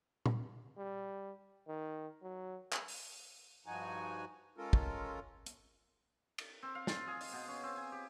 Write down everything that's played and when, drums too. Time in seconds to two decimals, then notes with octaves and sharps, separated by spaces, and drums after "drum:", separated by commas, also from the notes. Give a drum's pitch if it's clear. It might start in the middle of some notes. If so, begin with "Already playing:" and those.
0.26 drum: tom A#2
0.78 G3
1.68 D#3
2.23 F#3
2.73 drum: clap
2.88 drum: open hi-hat
3.66 G2 F3 D#4 F#4 G#5
4.58 G#3 C#4 F4 A4 A#4
4.73 drum: kick
5.46 drum: hi-hat
6.38 drum: cymbal
6.63 C4
6.75 F5
6.87 F4, drum: snare
7.07 G#4
7.21 D#5, drum: open hi-hat
7.33 B2
7.48 C#4
7.63 C4
7.77 G#5
7.92 G4